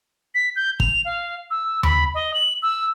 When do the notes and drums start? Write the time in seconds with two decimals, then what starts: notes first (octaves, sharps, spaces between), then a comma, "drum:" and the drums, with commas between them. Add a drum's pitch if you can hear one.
0.35 B6
0.56 G6
0.80 F7, drum: kick
1.05 F5
1.50 E6
1.83 B5, drum: tom D#2
2.14 D#5
2.34 F#7
2.62 E6